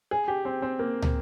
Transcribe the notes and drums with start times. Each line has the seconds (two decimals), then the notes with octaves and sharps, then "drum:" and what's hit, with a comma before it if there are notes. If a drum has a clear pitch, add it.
0.11 G#4
0.28 G4
0.45 C4
0.62 C4
0.79 A#3
1.02 drum: tom